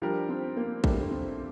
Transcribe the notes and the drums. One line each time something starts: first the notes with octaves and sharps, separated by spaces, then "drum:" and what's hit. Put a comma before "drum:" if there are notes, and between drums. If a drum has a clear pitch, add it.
F3 G3 D4 G4 A#4
C4
A#3
G3 A3 D4 G4 A#4, drum: kick
C4